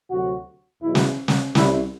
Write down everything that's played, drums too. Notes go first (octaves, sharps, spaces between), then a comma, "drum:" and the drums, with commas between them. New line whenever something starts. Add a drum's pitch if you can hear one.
D2 C3 F#3 F#4
E2 B2 F#3 E4
drum: snare
drum: snare
C2 C3 G3 E4, drum: snare